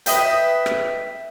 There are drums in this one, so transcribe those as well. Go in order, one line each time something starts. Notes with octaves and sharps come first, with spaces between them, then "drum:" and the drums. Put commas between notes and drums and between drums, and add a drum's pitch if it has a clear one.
B4 D#5 E5 G5, drum: hi-hat
drum: rim click